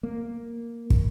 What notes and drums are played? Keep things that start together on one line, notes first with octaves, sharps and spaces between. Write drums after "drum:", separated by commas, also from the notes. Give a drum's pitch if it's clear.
A#3
drum: kick